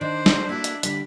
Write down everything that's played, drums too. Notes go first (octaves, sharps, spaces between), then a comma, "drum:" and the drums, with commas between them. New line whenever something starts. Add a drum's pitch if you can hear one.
D#3 D4 C5
drum: snare
A#3 E4 F#4 A4
drum: hi-hat
D3 G3 B5, drum: hi-hat